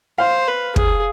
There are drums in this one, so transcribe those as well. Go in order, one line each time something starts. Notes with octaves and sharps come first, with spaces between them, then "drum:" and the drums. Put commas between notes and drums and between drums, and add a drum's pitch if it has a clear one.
C5 F5
B4
G#4, drum: kick